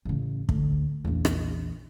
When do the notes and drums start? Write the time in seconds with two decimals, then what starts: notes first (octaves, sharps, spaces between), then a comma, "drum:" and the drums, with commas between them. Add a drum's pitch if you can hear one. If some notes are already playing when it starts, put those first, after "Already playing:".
0.05 A1 C#3
0.49 D2, drum: kick
1.05 A#1 E2
1.25 drum: rim click